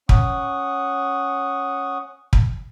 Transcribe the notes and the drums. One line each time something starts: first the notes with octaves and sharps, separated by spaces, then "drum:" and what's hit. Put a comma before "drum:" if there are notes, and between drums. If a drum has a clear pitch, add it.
C#4 F#5 C#6 D#6, drum: kick
drum: kick